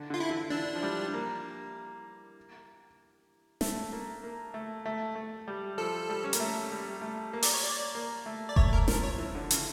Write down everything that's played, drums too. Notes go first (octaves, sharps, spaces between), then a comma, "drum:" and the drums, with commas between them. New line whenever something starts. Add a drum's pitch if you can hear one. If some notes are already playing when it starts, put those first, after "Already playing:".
Already playing: D3
D3 F4
E4
E3
E3 D4
F3
G3
A#3
A3, drum: snare
A#3
A#3
A3
A3
A3
G3
F3 A4
G3
C#4
A#3, drum: hi-hat
A3
G3
A3
A#3
D5, drum: open hi-hat
C#5
D5
A#3
A3
D5
A3 C#5, drum: kick F1
A#4
F3 A#4, drum: snare
C#5
E3
D3
C#3, drum: hi-hat